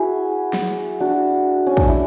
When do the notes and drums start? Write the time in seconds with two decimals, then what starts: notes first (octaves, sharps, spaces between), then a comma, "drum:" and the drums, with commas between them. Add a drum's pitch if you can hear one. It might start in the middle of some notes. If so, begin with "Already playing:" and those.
Already playing: E4 F#4 G#4 B4
0.53 drum: snare
1.00 D4 F#4
1.66 C#4
1.77 D4, drum: kick
1.88 E4